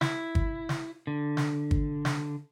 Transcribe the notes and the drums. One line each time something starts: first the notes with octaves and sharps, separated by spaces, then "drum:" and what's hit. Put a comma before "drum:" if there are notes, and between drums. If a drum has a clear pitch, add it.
E4, drum: snare
drum: kick
drum: snare
D3
drum: snare
drum: kick
drum: snare